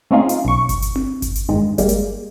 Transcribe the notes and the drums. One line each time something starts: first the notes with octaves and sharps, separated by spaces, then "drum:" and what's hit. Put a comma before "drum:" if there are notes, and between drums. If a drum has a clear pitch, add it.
A3 C4 C#4 D#4 F4 G#4
drum: hi-hat
B1 C#6
drum: kick G1, hi-hat
drum: hi-hat
drum: tom C4
drum: kick G1, hi-hat
drum: hi-hat
G2 D#3 G#3
G3 G#3 A#3, drum: kick G1, hi-hat
drum: hi-hat